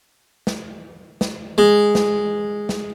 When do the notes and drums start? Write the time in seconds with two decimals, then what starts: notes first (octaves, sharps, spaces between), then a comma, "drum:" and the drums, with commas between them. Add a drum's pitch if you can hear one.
0.47 drum: snare
1.21 drum: snare
1.58 G#3
1.95 drum: snare
2.69 drum: snare